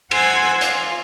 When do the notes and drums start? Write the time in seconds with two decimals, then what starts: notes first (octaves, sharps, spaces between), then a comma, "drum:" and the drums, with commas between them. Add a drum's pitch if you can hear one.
0.11 C5 F#5 G#5 E6 F#6 G#6, drum: cymbal
0.61 F4, drum: hi-hat